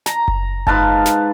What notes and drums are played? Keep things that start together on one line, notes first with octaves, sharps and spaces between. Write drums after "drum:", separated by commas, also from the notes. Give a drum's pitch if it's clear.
A#5, drum: snare
drum: kick F#1
G#2 B4 F5 A5, drum: kick F#1
drum: snare